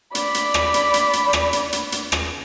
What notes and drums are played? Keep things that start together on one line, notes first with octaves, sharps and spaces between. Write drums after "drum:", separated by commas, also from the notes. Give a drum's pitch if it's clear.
D5 B5, drum: hi-hat
drum: hi-hat
drum: rim click
drum: hi-hat
drum: hi-hat
drum: hi-hat
drum: rim click
drum: hi-hat
drum: hi-hat
drum: hi-hat
drum: rim click